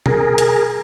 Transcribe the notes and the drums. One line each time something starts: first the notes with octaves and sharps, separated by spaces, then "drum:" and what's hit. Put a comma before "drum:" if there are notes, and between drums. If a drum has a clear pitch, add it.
G#4 A#4, drum: tom B2
drum: hi-hat